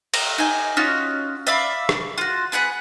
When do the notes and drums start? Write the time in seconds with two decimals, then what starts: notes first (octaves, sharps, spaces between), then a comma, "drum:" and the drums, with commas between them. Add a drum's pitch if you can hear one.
0.14 A#5, drum: cymbal
0.38 D#4 G#5
0.77 C#4 D#4 F4 F#4
1.47 D5 E5 F5 B5
1.89 drum: rim click
2.18 F4 F#4
2.52 B3 G#4 F#5 B5